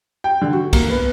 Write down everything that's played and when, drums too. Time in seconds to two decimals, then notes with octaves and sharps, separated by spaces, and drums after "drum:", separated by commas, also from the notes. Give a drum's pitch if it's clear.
0.24 G5
0.41 D3
0.53 F#4
0.73 A#3, drum: kick, cymbal
0.90 B3